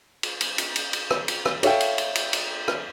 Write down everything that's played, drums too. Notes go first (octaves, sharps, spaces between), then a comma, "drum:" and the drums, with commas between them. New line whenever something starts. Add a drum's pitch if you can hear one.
drum: cymbal
drum: cymbal
drum: cymbal
drum: cymbal
drum: cymbal
drum: rim click
drum: cymbal
drum: rim click
A4 C#5 E5 F5 G5, drum: cymbal
drum: cymbal
drum: cymbal
drum: cymbal
drum: cymbal
drum: rim click